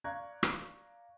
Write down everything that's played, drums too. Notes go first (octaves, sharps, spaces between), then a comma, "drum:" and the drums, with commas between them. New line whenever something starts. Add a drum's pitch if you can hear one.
D5 F5 A#5 C#6 F#6 G#6
drum: rim click